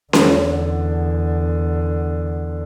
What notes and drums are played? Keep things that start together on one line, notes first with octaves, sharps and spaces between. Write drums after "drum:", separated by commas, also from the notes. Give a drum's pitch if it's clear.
E2 D3, drum: snare C#4